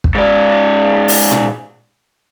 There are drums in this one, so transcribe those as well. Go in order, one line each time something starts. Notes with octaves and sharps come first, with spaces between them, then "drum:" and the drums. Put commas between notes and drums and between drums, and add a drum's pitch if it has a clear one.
drum: kick
G#2 D5
drum: open hi-hat
drum: tom A#2